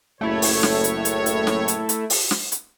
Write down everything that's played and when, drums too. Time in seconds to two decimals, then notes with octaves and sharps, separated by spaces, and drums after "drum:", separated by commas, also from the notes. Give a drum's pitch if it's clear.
0.21 F#1 A2 A3 E4 C#5
0.42 drum: open hi-hat
0.63 drum: snare
0.84 drum: hi-hat
1.05 drum: hi-hat
1.26 drum: hi-hat
1.47 drum: snare
1.68 drum: hi-hat
1.89 drum: hi-hat
2.10 drum: open hi-hat
2.31 drum: snare
2.52 drum: hi-hat